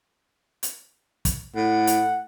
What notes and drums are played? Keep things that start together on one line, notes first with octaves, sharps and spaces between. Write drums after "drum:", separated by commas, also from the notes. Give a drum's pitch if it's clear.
drum: hi-hat
drum: kick, hi-hat
A2 F#5
drum: hi-hat